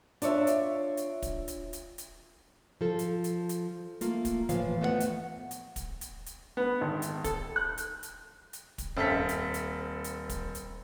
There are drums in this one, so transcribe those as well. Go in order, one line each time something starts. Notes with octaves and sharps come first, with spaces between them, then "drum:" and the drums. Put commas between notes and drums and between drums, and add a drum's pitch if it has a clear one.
D4 F4 C#5 E5, drum: hi-hat
drum: hi-hat
drum: hi-hat
drum: kick, hi-hat
drum: hi-hat
drum: hi-hat
drum: hi-hat
F3 A4
drum: hi-hat
drum: hi-hat
drum: hi-hat
A3 A#3 F4, drum: hi-hat
drum: kick, hi-hat
A2 E3 F3 F5, drum: hi-hat
A3 B3 D#5 F#5
drum: hi-hat
drum: hi-hat
drum: kick, hi-hat
drum: hi-hat
drum: hi-hat
B3
G#1
drum: hi-hat
A4, drum: kick, hi-hat
F#6
drum: hi-hat
drum: hi-hat
drum: hi-hat
drum: kick, hi-hat
D#1 C4 A4 E5 F5 B6
drum: hi-hat
drum: hi-hat
drum: hi-hat
drum: kick, hi-hat
drum: hi-hat